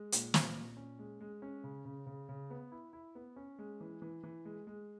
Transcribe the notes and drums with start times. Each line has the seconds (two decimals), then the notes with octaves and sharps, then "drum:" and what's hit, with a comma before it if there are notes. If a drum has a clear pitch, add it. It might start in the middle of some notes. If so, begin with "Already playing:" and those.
Already playing: G#3
0.12 A#2, drum: hi-hat
0.34 A#2, drum: snare
0.55 A#2
0.77 C#4
0.99 G#3
1.21 G#3
1.42 C#4
1.64 C#3
1.85 C#3
2.07 C#3
2.29 C#3
2.50 B3
2.72 E4
2.93 E4
3.15 B3
3.36 C#4
3.59 G#3
3.81 E3
4.02 E3
4.23 E3
4.45 G#3
4.67 G#3